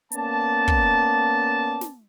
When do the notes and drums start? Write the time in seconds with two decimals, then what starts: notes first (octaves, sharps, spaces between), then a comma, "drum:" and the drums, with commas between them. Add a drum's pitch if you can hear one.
0.12 A#3 B3 C#4 D5 A5, drum: hi-hat
0.68 drum: kick
1.81 drum: snare